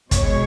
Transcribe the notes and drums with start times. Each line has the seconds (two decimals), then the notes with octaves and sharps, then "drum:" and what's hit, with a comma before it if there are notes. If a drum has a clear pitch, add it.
0.11 B2 G#3 C#5, drum: kick, hi-hat